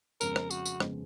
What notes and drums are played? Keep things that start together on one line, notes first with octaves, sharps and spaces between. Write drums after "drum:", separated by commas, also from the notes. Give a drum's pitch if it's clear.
F2 C#3 G#3 B3 A#4, drum: tambourine
drum: rim click
F#4, drum: tambourine
drum: tambourine
F2 C#3 G#3 B3, drum: rim click